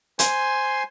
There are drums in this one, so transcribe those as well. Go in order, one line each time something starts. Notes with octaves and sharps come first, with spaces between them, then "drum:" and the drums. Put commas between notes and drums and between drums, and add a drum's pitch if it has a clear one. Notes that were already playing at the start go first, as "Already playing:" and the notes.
C5 G#5 C6, drum: hi-hat